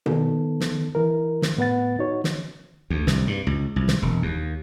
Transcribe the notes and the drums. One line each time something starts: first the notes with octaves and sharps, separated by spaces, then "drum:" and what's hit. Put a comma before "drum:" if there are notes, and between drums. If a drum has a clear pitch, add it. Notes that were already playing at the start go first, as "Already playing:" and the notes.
D#3 B3 A4, drum: tom B2
drum: snare
E3 A#4
drum: snare
A2 B3 B4 F#5 A6
D#4 F#4 C#5
drum: snare
D2
C2, drum: snare
G2
C#2
C2
drum: snare
E1
D#2